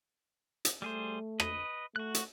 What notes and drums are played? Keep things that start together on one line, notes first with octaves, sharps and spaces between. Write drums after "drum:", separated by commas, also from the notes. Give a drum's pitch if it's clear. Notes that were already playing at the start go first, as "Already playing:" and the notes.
drum: hi-hat
G3 A3 G#4 C5
B4 D#5, drum: rim click
A3 F#4 F#6
drum: hi-hat